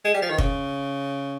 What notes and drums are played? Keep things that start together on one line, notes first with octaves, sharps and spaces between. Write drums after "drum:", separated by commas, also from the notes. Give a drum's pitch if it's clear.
G#3
G3
F3
D#3
C#3, drum: kick